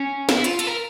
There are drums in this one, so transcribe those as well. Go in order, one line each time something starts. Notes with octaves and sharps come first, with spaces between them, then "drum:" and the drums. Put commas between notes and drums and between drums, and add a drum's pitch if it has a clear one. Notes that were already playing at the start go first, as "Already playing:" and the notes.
Already playing: C#4
E4, drum: snare
F4, drum: hi-hat
A4, drum: hi-hat
A#4